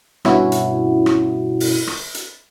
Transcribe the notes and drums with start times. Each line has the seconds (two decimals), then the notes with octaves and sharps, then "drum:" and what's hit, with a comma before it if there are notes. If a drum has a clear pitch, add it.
0.25 G2 B2 C#4 E4 F#4, drum: rim click
0.52 drum: hi-hat
1.06 drum: rim click
1.60 drum: open hi-hat
1.87 drum: rim click
2.15 drum: hi-hat